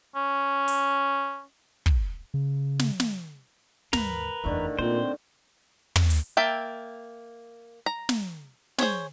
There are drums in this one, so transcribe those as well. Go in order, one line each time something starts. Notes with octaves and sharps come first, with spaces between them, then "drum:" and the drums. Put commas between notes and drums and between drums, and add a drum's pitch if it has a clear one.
C#4
drum: open hi-hat
drum: kick
C#3
drum: snare
drum: snare
D#2 G#2 A#4 B4, drum: snare
F#1 E2 A2 D3 D#3
A#2 A#3 C4 C5
drum: tom
drum: open hi-hat
A#3 E5 G5 A5
A#5
drum: snare
G#4 C5 C#5 G#5, drum: snare